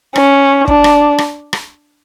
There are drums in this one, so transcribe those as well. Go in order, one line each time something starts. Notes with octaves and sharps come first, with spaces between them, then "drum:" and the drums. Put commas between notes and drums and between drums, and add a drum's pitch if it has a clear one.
C#4, drum: rim click
D4, drum: kick
drum: rim click
drum: rim click
drum: rim click